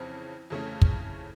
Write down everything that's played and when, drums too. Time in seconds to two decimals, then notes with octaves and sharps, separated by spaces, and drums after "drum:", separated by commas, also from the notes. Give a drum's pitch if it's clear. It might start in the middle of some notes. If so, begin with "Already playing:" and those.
Already playing: F2 C#3 E3 C4 C#4
0.50 F2 C#3 E3 A3 C#4
0.82 drum: kick